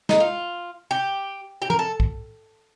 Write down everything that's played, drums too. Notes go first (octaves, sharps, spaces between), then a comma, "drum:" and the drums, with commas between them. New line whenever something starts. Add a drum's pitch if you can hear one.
D#4, drum: snare
F4
G4
G4
A#4, drum: tom F3
A4
drum: kick B1